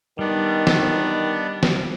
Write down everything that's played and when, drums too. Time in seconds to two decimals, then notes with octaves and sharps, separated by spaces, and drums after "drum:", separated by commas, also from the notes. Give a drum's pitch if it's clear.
0.19 D#3 G3 B3 D4
0.67 drum: snare
1.63 drum: snare